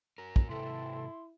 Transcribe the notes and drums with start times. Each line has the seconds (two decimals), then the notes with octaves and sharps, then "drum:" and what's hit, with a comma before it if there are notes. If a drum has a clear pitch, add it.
0.18 F#4 A#4
0.36 drum: kick
0.49 G#2 C3 E4 A4 B4 G5 C6